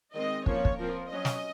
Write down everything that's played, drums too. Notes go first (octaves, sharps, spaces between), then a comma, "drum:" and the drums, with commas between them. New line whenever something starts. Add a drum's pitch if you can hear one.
D#3 G#3 C4 D#5
F3 A#3 C#4 C#5, drum: kick
drum: kick
F3 C4 A#4
F#3 C#4 D#5
drum: snare